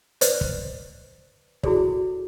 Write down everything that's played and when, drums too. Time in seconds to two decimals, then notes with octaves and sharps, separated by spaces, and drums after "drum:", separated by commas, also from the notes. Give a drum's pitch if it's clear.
0.21 B4 C5 D5 D#5, drum: hi-hat
0.41 drum: kick
1.63 E4 F#4 G#4 A4 D5, drum: kick